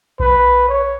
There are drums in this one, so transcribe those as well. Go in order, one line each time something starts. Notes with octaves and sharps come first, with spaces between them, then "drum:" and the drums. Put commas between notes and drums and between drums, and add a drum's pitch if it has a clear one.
B4, drum: kick B1
C#5